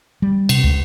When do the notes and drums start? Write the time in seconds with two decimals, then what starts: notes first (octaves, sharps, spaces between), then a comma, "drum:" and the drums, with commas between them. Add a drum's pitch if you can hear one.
0.22 G3
0.49 C3, drum: cymbal
0.64 C#2